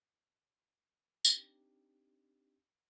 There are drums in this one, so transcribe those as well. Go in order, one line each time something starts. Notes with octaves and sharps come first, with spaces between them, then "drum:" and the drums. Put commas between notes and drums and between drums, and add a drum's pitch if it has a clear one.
C4 D4 D#4 G4, drum: tambourine